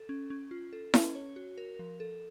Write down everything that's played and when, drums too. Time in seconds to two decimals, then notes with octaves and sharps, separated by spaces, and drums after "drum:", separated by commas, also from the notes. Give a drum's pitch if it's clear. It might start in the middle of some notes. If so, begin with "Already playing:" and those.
Already playing: A4
0.09 C#4
0.30 C#4
0.51 F4
0.73 A4
0.94 C#4, drum: snare E4
1.15 C#5
1.36 F#4
1.58 A#4
1.79 F3
2.00 A4